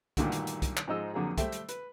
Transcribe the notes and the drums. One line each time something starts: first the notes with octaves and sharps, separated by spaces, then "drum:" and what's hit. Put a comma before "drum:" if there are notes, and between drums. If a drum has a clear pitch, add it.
G2 A#2 D3 D#3 A3 F#4, drum: kick, hi-hat
drum: hi-hat
drum: hi-hat
drum: kick, hi-hat
drum: clap
G#2 F3 D#4 D#5 E6
F2 D3 F#3 A#3 G#4
G3 A3 C5 E5 G5, drum: kick, hi-hat
drum: hi-hat
B4, drum: hi-hat